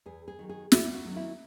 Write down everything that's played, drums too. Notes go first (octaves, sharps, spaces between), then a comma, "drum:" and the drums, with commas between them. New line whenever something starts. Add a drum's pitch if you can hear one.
E2 G#4
G#4
D#3 F#3
G#4
E2 E4, drum: snare
F#4
D#3 F#3
E4